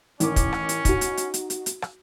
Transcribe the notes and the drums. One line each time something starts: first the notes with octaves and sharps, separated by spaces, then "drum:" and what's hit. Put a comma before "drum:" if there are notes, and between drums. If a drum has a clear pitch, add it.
A1 D#3 C#4 D6, drum: hi-hat
drum: kick, hi-hat
drum: rim click
drum: hi-hat
D#4 F#4, drum: kick, hi-hat
drum: hi-hat
drum: hi-hat
drum: hi-hat
drum: hi-hat
drum: hi-hat
drum: rim click